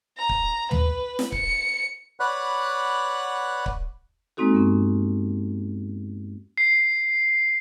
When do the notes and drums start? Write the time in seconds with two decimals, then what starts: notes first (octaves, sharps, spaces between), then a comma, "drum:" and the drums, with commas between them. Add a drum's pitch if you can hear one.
0.18 A#5
0.29 drum: kick
0.71 B4, drum: tom
1.19 drum: snare
1.32 C#7, drum: kick
2.20 B4 C#5 D5 F#5 B5 F#6
3.66 drum: kick
4.37 G#3 A#3 C4 D#4 F#4 A4
4.53 G2 B3 C#4
6.58 C7